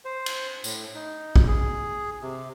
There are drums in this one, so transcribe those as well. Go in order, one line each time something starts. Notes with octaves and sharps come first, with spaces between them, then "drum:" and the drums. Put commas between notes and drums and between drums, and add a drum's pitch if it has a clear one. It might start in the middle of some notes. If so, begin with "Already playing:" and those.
C5
drum: cymbal
A2, drum: tambourine
D#4
drum: kick
G#4
C3